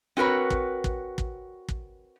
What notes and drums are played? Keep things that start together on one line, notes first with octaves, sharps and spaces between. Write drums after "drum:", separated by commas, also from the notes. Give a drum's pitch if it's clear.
C4 F#4 A#4 B4 C#5
drum: kick
drum: kick
drum: kick
drum: kick